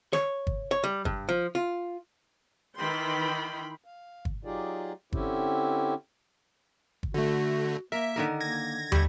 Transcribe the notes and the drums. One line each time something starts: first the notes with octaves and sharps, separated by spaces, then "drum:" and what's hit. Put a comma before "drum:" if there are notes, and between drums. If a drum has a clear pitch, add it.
C#5, drum: snare
drum: kick
C#5
G3
G2, drum: kick
F3
F4
D#3 E3 G5 B5 C6
F5
drum: kick
F#3 D#4 F4 G4 G#4 D5
D3 C4 C#4 E4 G4, drum: kick
drum: kick
D3 A3 F#4
A#3 A#4 E5
D3 D#3 A#4
A#3 G#6 A#6
G3 A3 G4, drum: tom